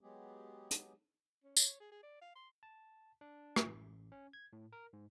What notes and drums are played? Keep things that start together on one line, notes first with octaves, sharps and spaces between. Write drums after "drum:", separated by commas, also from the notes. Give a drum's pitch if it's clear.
F#3 G#3 B3 G4 G#4
drum: hi-hat
C#4
C#5, drum: tambourine
G#4
G#4
D5
F5
C6
A5
D4
drum: rim click
A1
C#4
G#6
A2
A#4
G#2